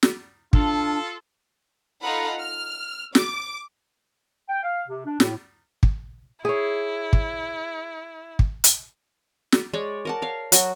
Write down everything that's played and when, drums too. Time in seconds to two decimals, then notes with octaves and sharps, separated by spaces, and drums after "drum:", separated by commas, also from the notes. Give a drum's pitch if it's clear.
0.03 drum: snare
0.53 D4 F4 A4, drum: kick
2.02 D#4 F4 A4 F#5 A#5 B5
2.39 F6
3.15 D6, drum: snare
4.49 G5
4.63 F5
4.88 C3
5.05 D4
5.20 A2, drum: snare
5.83 drum: kick
6.45 E4 G#4 C#5
7.13 drum: kick
8.39 drum: kick
8.64 drum: hi-hat
9.52 drum: snare
9.73 G#3 C#5 D5
10.05 A#4 F#5 A5
10.22 C#5 F5
10.52 F#3 F#4, drum: hi-hat